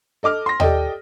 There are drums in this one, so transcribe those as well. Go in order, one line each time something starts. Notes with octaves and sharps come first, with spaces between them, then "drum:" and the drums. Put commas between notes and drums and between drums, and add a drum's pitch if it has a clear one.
A4 D#5 D6 F6
C6 A#6
G4 A4 D5 D#5 G5, drum: tom D#2